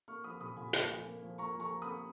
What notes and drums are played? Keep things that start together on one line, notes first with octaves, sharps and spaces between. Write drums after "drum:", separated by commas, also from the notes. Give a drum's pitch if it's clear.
A#3 C#6 F6
F3 B5 D#6
A#2 B5 D#6
A#2 G#5 B5
A#3 G#5 B5, drum: hi-hat
F3
A#3
F3
A#3 A#5 C#6
F3
A#5 C#6
A#3
B5 D#6